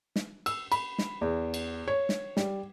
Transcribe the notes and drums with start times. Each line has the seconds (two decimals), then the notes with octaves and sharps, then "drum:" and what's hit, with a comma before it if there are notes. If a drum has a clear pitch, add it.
0.16 drum: snare
0.46 E6, drum: cymbal
0.72 B5, drum: cymbal
0.98 drum: snare
1.21 E2
1.54 drum: cymbal
1.88 C#5
2.09 drum: snare
2.37 G3, drum: snare